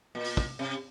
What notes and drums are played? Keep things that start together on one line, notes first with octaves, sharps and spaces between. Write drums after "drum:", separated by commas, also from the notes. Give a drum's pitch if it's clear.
A#2
drum: open hi-hat
drum: kick
C3